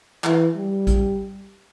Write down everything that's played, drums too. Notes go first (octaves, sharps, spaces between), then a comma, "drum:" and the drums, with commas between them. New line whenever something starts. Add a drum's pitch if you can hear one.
E3, drum: clap
G3
drum: kick, hi-hat